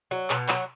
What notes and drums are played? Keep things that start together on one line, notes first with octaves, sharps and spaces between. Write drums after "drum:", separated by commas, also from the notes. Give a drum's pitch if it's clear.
F#3
B2, drum: clap
F#3, drum: clap